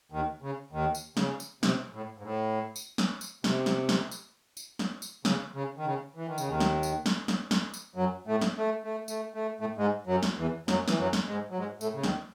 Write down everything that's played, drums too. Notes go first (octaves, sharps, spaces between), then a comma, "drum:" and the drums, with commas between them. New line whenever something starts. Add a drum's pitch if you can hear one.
D#2 D#3
C#3
D#2 D#3
drum: tambourine
C#3, drum: snare
drum: tambourine
C3, drum: snare
A2
G#2
A2
drum: tambourine
drum: snare
drum: tambourine
C3, drum: snare
drum: snare
drum: snare
drum: tambourine
drum: tambourine
drum: snare
drum: tambourine
C#3, drum: snare
C#3
D#3
C#3
E3
D#3
C#3, drum: tambourine
D#2 D#3
drum: snare
drum: tambourine
drum: snare
drum: snare
drum: snare
drum: tambourine
F#2 F#3
A2 A3
drum: snare
A3
A3
A3, drum: tambourine
A3
A2 A3
G#2 G#3
F#2 F#3
drum: snare
E2 E3
F#2 F#3, drum: snare
E3, drum: snare
F#2 F#3
drum: snare
G#2 G#3
F#3
G#2 G#3
A2 A3, drum: tambourine
C#3
D#2 D#3, drum: snare